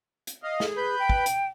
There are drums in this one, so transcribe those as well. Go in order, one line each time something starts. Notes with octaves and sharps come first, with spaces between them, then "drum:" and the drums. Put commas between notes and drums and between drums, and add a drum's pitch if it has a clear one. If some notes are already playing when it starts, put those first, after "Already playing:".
drum: hi-hat
D#5 F5
G#4, drum: snare
B4 B5 G6
G5
drum: kick
drum: hi-hat